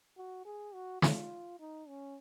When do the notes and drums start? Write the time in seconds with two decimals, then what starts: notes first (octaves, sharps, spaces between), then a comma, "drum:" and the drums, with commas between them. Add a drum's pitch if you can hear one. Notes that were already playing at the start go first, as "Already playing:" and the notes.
0.17 F#4
0.45 G#4
0.74 F#4
1.02 F4, drum: snare
1.60 D#4
1.88 C#4